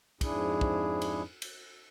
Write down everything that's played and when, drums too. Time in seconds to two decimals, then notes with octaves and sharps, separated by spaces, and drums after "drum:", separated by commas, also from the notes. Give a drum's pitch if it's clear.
0.21 F2 G#2 D4 E4 G#4, drum: kick, cymbal
0.61 drum: kick
1.02 drum: cymbal
1.42 drum: cymbal